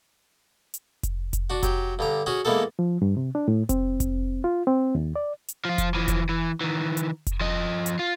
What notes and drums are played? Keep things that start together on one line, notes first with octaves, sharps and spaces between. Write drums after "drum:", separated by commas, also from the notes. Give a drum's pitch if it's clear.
drum: hi-hat
drum: kick F1, hi-hat
drum: kick F1, hi-hat
D4 F#4
F#3 G4, drum: kick F1, hi-hat
G2 D3 A#5
C#4 F#4 G#4
E3 G#3 A#3 B3 A4
F3
G2
C3
D4
A2
C4, drum: kick F1, hi-hat
drum: kick F1, hi-hat
F4
C4
D#2
D5
drum: hi-hat
F3 F4
drum: kick F1, hi-hat
E3 F3
drum: kick F1, hi-hat
E3
D#3 E3
drum: hi-hat
drum: kick F1, hi-hat
F3 D#5
drum: hi-hat
F4